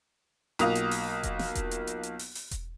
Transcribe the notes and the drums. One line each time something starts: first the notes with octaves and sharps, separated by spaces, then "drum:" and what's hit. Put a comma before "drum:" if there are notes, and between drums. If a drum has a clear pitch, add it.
B1 A#3 F4 D#6 F7, drum: hi-hat
drum: hi-hat
drum: open hi-hat
drum: kick E1, hi-hat
drum: snare
drum: kick E1, hi-hat
drum: hi-hat
drum: hi-hat
drum: hi-hat
drum: open hi-hat
drum: open hi-hat
drum: kick E1, hi-hat